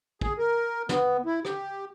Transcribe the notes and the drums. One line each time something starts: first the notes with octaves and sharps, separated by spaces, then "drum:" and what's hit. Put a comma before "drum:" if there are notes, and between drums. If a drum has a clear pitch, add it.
G#4, drum: kick
A#4
B3, drum: snare
E4
G4, drum: rim click